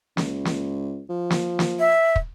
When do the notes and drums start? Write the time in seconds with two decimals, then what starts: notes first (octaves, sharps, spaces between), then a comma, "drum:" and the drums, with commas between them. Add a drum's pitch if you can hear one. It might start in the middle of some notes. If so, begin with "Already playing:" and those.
0.17 C#2, drum: snare
0.45 drum: snare
1.10 F3
1.30 drum: snare
1.59 drum: snare
1.79 E5
2.16 drum: kick